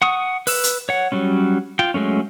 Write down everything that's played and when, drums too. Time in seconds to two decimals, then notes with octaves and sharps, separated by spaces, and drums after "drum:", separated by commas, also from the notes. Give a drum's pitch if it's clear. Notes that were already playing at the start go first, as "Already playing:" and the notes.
0.02 F#5 C#6 D#6
0.47 B4 E6, drum: open hi-hat
0.64 drum: hi-hat
0.89 C#5 F#5
1.12 F#3 G3 C#4
1.79 F4 G5
1.94 F#3 G#3 A3 C#4